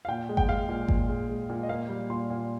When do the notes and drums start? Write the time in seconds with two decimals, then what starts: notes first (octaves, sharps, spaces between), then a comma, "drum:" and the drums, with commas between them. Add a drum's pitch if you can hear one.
0.05 F5
0.08 A#2 G5
0.29 G#3
0.37 G5, drum: kick G#1
0.49 G#3 F5
0.69 A#2
0.88 A#2, drum: kick G#1
1.09 G#3
1.29 G#3
1.49 A#2
1.63 D#5
1.69 A#3 F5
1.89 G3
2.10 A#2 C6
2.30 A#2